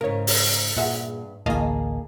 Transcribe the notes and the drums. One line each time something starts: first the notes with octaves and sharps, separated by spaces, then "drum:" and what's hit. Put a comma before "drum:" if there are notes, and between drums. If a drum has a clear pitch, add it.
G#2 C#3 A#4 C#5
drum: open hi-hat
G2 A#2 G#4 E5 F#5
A1 D2 A2 A#3 G#4 D#5 F5 A5